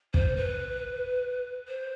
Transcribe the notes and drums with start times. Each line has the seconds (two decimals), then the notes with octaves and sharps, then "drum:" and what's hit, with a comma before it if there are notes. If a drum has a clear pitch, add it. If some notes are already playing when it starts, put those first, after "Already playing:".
0.14 C5, drum: kick
0.36 B4
1.68 C5